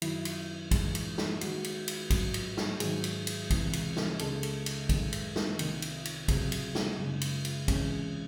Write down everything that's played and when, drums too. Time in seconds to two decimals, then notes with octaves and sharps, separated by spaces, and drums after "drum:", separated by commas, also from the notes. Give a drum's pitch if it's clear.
0.02 F#2 D#3 F#3 E4, drum: cymbal
0.25 drum: cymbal
0.71 F#2 E3 G#3, drum: kick, cymbal
0.95 drum: cymbal
1.18 drum: snare
1.41 D#2 D#3 G#3 F#4, drum: cymbal
1.64 drum: cymbal
1.88 drum: cymbal
2.10 G#2 F#3, drum: kick, cymbal
2.34 drum: cymbal
2.57 drum: snare
2.80 G#2 D#3 F#3 G#4, drum: cymbal
3.04 drum: cymbal
3.27 drum: cymbal
3.50 C#2 C3 E3 G#3, drum: kick, cymbal
3.73 drum: cymbal
3.97 drum: snare
4.19 C#2 C#3 G#3 A4, drum: cymbal
4.43 drum: cymbal
4.66 drum: cymbal
4.89 F#2 D#3 G#3, drum: kick, cymbal
5.13 drum: cymbal
5.36 drum: snare
5.59 C2 C3 D#3, drum: cymbal
5.82 drum: cymbal
6.05 drum: cymbal
6.28 C#2 C3 F#3 G#4, drum: kick, cymbal
6.52 drum: cymbal
6.75 drum: snare
6.98 F#2 C#3 G#3
7.21 drum: cymbal
7.45 drum: cymbal
7.68 C#2 C3 E3 G#3 C#4, drum: kick, cymbal